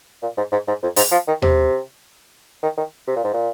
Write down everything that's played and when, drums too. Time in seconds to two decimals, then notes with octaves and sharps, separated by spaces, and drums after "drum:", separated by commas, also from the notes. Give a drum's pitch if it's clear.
0.22 A#2
0.37 G#2
0.52 G#2
0.67 G#2
0.82 F2
0.96 G#2, drum: open hi-hat
1.11 F3
1.27 D#3
1.42 C3, drum: tom D#2
2.63 D#3
2.77 D#3
3.07 C3
3.16 A#2
3.24 G#2
3.34 A#2